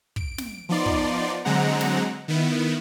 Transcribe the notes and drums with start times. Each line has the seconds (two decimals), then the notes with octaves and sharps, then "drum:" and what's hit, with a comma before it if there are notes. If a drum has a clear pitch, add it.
0.16 D7, drum: kick
0.38 drum: snare
0.69 F3 B3 D#4 D5 C6
0.86 drum: kick
1.45 D3 F#3 G#3 C4 F#5 A#5
1.81 drum: snare
2.28 D#3 B3 E4